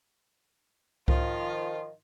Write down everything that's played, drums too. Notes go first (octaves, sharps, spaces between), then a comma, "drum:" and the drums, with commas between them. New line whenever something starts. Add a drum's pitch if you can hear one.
D#3 F3 F4, drum: kick C2